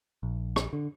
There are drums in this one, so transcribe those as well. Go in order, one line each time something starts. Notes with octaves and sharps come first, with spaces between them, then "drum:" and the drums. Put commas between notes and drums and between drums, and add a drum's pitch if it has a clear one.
A#1
drum: rim click
D3